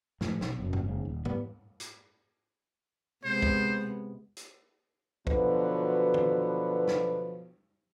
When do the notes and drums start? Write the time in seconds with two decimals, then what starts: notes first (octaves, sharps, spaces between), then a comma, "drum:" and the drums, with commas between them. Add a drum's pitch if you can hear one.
0.21 A2 E3 F3 G#3, drum: snare
0.41 B1, drum: snare
0.60 F#1 F#2 B2
0.73 drum: tom G#2
0.84 F#1 G#2 C#3
1.05 D#1
1.25 E3 G3 B3, drum: tom G#2
1.80 drum: hi-hat
3.24 C3 G#3 B3 C5
3.42 drum: kick
4.37 drum: hi-hat
5.27 B2 D3 F3 F#3 B3 B4, drum: kick
6.14 drum: tom
6.88 drum: snare